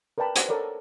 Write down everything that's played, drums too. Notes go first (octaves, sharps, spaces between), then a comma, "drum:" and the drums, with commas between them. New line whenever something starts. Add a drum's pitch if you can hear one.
A#4 B4 D5 G5 A5 B5
C5 F#5, drum: hi-hat
A4 A#4 C#5 D5